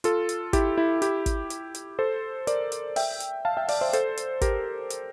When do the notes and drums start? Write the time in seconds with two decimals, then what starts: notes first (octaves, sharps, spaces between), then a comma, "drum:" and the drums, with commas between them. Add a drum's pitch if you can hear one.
0.04 F4 A4, drum: hi-hat
0.29 drum: hi-hat
0.53 E4 G4, drum: kick, hi-hat
0.78 E4
1.02 E4 G4, drum: hi-hat
1.26 drum: kick, hi-hat
1.50 drum: hi-hat
1.75 drum: hi-hat
1.99 A4 C5
2.47 A#4 D5, drum: hi-hat
2.72 drum: hi-hat
2.96 E5 G5, drum: open hi-hat
3.20 drum: hi-hat
3.45 F5 A5
3.57 E5 G5
3.68 D5 F5, drum: open hi-hat
3.81 C5 E5
3.93 A4 C5, drum: hi-hat
4.17 drum: hi-hat
4.41 G4 A#4, drum: kick, hi-hat
4.90 drum: hi-hat